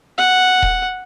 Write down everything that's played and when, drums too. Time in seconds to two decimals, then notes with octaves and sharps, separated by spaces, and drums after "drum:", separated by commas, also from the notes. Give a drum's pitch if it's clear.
0.18 F#5
0.62 drum: kick D#1